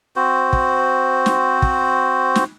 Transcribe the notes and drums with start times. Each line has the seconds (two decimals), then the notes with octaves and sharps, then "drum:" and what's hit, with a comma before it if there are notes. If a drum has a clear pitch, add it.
0.16 C4 F#4 C5
0.53 drum: kick
1.26 drum: snare
1.62 drum: kick
2.35 drum: snare